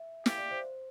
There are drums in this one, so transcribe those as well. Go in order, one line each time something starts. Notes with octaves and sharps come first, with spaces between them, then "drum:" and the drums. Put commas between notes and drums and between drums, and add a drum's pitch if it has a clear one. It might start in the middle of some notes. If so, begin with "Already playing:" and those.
Already playing: E5
G4 F5, drum: snare
D5
C5